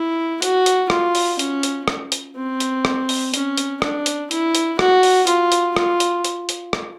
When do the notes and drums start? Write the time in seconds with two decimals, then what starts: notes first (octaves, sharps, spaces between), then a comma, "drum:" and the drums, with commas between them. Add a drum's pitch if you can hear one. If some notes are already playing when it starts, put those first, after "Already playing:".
Already playing: E4
0.42 F#4, drum: hi-hat
0.66 drum: hi-hat
0.90 F4, drum: rim click
1.15 drum: open hi-hat
1.39 C#4, drum: hi-hat
1.63 drum: hi-hat
1.88 drum: rim click
2.12 drum: hi-hat
2.36 C4
2.60 drum: hi-hat
2.85 drum: rim click
3.09 drum: open hi-hat
3.34 C#4, drum: hi-hat
3.57 drum: hi-hat
3.82 D4, drum: rim click
4.06 drum: hi-hat
4.31 E4, drum: hi-hat
4.55 drum: hi-hat
4.79 F#4, drum: rim click
5.03 drum: open hi-hat
5.27 F4, drum: hi-hat
5.52 drum: hi-hat
5.76 F4, drum: rim click
6.00 drum: hi-hat
6.25 drum: hi-hat
6.49 drum: hi-hat
6.73 drum: rim click